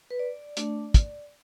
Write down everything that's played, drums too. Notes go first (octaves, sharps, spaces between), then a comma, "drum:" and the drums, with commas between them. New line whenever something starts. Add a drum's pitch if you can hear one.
B4
D5
A3 D4, drum: hi-hat
drum: kick, hi-hat